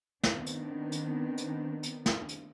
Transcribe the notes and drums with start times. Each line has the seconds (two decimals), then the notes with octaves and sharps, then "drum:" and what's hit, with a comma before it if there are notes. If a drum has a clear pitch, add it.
0.23 D#3 B3 C4 D4, drum: snare
0.46 drum: hi-hat
0.92 drum: hi-hat
1.37 drum: hi-hat
1.83 drum: hi-hat
2.06 drum: snare
2.29 drum: hi-hat